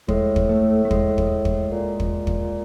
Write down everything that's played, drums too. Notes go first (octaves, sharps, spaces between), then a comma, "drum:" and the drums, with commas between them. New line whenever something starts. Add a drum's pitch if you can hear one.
A2 G#3, drum: kick
drum: kick
A3
A3
G#3, drum: kick
drum: kick
drum: kick
A#2
drum: kick
drum: kick